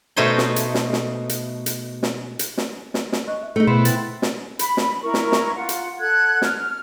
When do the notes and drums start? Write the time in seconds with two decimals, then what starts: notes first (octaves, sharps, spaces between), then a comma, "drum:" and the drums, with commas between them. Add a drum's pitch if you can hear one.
0.16 B2 A3 D#4 C5 C#5 C6
0.38 drum: snare
0.56 drum: hi-hat
0.75 drum: snare
0.93 drum: snare
1.29 drum: hi-hat
1.66 drum: hi-hat
2.03 drum: snare
2.39 drum: hi-hat
2.58 drum: snare
2.94 drum: snare
3.12 drum: snare
3.27 D#5 C#6 F#6
3.43 E5
3.56 A3 D#4 G#4 C#7
3.67 B2 B3 E4 C5
3.85 G5 B5 A6, drum: hi-hat
4.22 drum: snare
4.59 B5, drum: hi-hat
4.77 drum: snare
5.02 E4 A#4 C#6
5.14 drum: snare
5.32 drum: snare
5.55 F4 F#5
5.69 drum: hi-hat
5.99 A4 F#5 F#6 G#6
6.42 F6, drum: snare